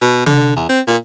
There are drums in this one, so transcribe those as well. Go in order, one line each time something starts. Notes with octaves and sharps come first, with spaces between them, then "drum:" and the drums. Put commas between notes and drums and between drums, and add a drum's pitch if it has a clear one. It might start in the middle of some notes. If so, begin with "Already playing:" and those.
B2
D3, drum: tom
E2
C4
A#2